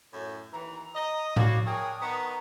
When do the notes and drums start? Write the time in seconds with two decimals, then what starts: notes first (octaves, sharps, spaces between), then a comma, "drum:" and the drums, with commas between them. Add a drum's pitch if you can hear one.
0.12 F#2 A2
0.53 D#2 E3 A#5
0.95 D#5 D#6
1.36 E4 F#4 C#5 D5 F5, drum: tom A2
1.66 D4 G#4 A#4 C#5 G5 C#6 D#6
2.00 D#3 B3 A#5